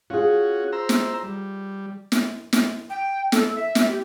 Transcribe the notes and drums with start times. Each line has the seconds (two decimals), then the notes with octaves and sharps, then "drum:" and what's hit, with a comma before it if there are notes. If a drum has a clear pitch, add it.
0.10 C#4 F4 F#4 G#4
0.72 C5 A#5 E6
0.89 drum: snare
1.23 G3
2.12 drum: snare
2.53 drum: snare
2.90 G5
3.32 A4, drum: snare
3.55 E5
3.75 drum: snare
3.89 G4